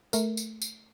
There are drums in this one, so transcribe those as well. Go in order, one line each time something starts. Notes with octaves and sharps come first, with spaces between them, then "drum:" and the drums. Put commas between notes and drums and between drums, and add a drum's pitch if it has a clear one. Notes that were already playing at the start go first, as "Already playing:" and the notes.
A3 A#4, drum: tambourine
drum: tambourine
drum: tambourine